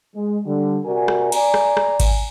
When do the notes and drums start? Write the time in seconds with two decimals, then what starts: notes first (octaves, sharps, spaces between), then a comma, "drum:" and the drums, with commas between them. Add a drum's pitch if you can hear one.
0.14 G#3
0.45 D3 G3
0.85 C3 F#4 A#4 D5 G#5
1.08 drum: rim click
1.32 D5 G#5 A#5, drum: cymbal
1.54 drum: rim click
1.77 drum: rim click
2.00 drum: kick G#1, cymbal